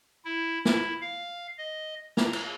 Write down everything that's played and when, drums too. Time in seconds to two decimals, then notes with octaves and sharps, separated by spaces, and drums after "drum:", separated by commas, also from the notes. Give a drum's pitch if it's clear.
0.25 E4
0.65 E4, drum: snare
1.01 F5
1.58 D#5
2.17 A#5, drum: snare
2.33 drum: cymbal